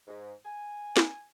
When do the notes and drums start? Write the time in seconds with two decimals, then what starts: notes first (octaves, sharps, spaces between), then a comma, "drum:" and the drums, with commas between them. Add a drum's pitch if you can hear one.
0.08 G#2
0.46 G#5
0.97 drum: snare